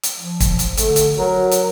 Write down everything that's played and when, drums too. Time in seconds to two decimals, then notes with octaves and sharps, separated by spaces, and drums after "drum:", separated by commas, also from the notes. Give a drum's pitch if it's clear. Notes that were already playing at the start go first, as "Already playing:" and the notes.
0.03 drum: hi-hat
0.17 F3
0.40 drum: kick, hi-hat
0.59 drum: hi-hat
0.77 D3 A3, drum: hi-hat
0.96 drum: hi-hat
1.18 F#3 A#4
1.51 drum: hi-hat